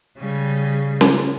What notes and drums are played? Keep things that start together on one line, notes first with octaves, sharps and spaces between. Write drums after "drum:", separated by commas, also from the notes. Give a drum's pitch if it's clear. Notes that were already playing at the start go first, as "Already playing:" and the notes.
C#3 G3
drum: snare